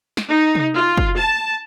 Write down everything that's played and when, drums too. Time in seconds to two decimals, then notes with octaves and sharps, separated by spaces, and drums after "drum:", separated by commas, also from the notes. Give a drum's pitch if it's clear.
0.17 drum: snare
0.28 D#4
0.55 drum: tom C3
0.75 F4
0.97 drum: kick
1.18 A5